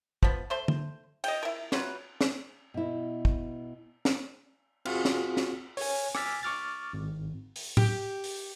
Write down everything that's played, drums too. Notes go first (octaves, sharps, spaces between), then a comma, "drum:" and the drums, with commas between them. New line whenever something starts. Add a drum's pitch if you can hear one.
F3 B3, drum: kick
A3 C5 C6
drum: tom
D#5 G5, drum: cymbal
E4 A#4
F#3 F4 B4, drum: snare
drum: snare
B2 E4
drum: kick
drum: snare
C4 F4 F#4 G#4, drum: cymbal
drum: snare
drum: snare
C#5 G#5, drum: open hi-hat
G#5 D6 E6 F6 A6 B6, drum: rim click
C#6 D6 F6 A6
G#1
drum: open hi-hat
G4, drum: tom
drum: open hi-hat